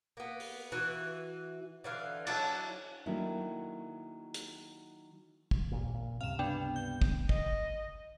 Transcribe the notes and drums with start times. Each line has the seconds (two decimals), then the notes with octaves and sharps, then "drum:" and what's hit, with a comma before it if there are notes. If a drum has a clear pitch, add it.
0.17 A#3 B3
0.40 drum: open hi-hat
0.72 E3 F#4
1.84 D3 E3 F5
2.27 F#3 D4 E4 A5, drum: cymbal
3.06 D#3 F#3 A3 A#3 D4 E4
4.34 drum: hi-hat
5.51 drum: kick
5.72 A#1 D#2 A#2
5.95 A#2
6.21 C#2 G2 C3 F5 E7
6.39 B3 D4 G5
6.76 G6
7.02 drum: kick
7.29 D#5, drum: kick